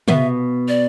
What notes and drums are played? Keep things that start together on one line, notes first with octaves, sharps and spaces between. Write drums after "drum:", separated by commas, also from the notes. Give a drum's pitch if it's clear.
B2 B3 E5, drum: tom
D5